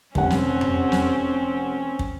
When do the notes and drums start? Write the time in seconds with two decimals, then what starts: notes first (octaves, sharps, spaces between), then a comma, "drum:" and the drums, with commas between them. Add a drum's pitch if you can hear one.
0.15 F1 C4 C#4 F#5, drum: kick
0.30 drum: snare
0.61 drum: tom F2
0.92 drum: snare
1.99 drum: kick